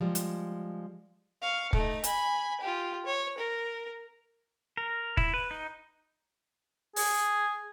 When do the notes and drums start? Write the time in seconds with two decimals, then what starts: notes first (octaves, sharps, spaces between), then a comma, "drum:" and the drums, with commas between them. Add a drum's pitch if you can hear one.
0.01 F3 G3 G#3
0.15 drum: hi-hat
1.42 F5 C#6
1.73 A3 D#4, drum: kick
2.04 G#5 B5, drum: hi-hat
2.60 F4 G4
3.06 C#5
3.38 A#4
4.77 A#4
5.17 E4, drum: kick
5.34 B4
5.51 D#4
6.96 G#4, drum: open hi-hat